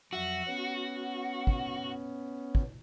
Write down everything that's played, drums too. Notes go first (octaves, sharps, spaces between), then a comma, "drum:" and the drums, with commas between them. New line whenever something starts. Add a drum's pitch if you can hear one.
F2 F#3 F#4 E5
B3 C#4
drum: kick
drum: kick